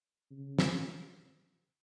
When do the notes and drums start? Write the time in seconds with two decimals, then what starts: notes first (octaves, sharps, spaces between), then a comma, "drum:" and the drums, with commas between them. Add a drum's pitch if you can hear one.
0.31 C#3
0.59 drum: snare